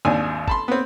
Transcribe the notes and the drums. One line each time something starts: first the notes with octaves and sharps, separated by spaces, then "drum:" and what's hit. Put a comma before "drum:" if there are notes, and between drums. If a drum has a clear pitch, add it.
G#1 D#2 D4 G#5
A5 B5 C6, drum: kick
B3 C4